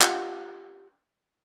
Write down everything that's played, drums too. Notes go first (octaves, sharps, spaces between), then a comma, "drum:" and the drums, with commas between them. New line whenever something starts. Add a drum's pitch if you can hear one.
F4 G4 D#5 F5 F#5, drum: clap